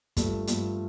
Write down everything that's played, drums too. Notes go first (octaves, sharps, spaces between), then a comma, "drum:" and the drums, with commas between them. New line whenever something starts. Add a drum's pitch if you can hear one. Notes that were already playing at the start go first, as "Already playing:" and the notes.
G2 F3 A3, drum: kick, hi-hat
G2 F3 A3, drum: hi-hat